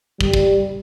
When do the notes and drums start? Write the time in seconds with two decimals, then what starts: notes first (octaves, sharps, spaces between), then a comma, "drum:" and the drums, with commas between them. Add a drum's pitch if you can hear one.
0.21 G3, drum: kick
0.34 drum: kick